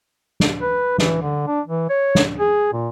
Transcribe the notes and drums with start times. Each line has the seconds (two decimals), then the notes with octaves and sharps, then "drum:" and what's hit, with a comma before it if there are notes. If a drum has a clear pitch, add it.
0.40 drum: snare
0.62 B4
0.98 E3, drum: snare
1.22 D3
1.47 D4
1.68 E3
1.90 C#5
2.15 drum: snare
2.39 G#4
2.73 A#2